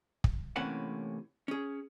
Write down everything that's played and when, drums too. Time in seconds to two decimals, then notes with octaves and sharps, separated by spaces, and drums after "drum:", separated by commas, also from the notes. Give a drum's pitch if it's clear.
0.24 drum: kick
0.56 A2 C3 E3 A#3 C#4 F#5
1.48 C#4 G#4